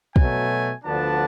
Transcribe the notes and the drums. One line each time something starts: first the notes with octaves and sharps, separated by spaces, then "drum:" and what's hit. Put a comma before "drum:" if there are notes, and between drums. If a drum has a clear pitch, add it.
B2 F#3 A3 G#5, drum: kick
D2 D3 F3 B3 D4 A5